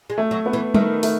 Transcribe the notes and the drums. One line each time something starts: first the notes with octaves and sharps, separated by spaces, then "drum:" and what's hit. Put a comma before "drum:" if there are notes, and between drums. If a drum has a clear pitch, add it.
G#3
A3
F#3
B3
E3
D#3 A3, drum: tom G3
A3, drum: open hi-hat